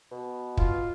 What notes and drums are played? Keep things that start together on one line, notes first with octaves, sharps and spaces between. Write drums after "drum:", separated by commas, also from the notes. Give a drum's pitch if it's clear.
B2
F4, drum: kick